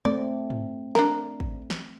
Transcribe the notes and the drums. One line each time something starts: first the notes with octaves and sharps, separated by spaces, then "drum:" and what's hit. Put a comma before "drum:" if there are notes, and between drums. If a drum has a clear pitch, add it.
A3 C4 D5
drum: tom
D4 A#4, drum: snare
drum: kick
drum: snare